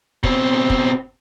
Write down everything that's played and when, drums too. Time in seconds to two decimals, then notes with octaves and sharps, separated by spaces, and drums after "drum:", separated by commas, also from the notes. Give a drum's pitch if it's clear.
0.24 B2 C4, drum: kick
0.70 drum: kick